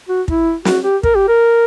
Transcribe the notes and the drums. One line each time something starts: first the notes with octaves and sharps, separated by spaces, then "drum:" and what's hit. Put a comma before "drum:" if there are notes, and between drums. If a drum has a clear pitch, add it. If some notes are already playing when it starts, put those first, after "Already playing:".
F#4
E4, drum: kick
F#4, drum: snare
G4
A#4, drum: kick
G4
A#4